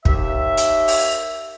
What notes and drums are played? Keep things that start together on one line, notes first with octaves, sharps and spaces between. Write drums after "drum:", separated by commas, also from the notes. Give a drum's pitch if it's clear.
D#2 E5, drum: kick
drum: hi-hat
drum: open hi-hat